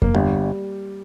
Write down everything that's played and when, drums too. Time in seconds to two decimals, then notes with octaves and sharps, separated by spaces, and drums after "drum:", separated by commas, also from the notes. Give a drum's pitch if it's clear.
0.02 A#3, drum: kick F2
0.14 G1 G3